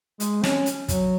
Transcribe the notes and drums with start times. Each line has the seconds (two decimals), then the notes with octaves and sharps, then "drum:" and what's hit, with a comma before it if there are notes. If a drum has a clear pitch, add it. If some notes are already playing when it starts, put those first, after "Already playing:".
0.20 G#3, drum: hi-hat
0.44 C#4, drum: snare
0.66 drum: hi-hat
0.88 F#3, drum: kick, hi-hat